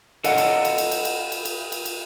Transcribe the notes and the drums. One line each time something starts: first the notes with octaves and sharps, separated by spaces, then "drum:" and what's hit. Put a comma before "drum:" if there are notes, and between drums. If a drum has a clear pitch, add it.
A4 D5 D#5 F5 F#5, drum: cymbal
drum: cymbal
drum: cymbal
drum: cymbal
drum: cymbal
drum: cymbal
drum: cymbal
drum: cymbal
drum: cymbal
drum: cymbal